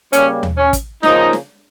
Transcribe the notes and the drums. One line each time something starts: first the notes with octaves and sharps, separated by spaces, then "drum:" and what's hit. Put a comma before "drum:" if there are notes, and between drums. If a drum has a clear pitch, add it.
C#3 G3 A#3 C#4, drum: hi-hat
drum: tom D#2
C#4
drum: kick, hi-hat
C#3 F3 A#3 D#4, drum: snare
drum: snare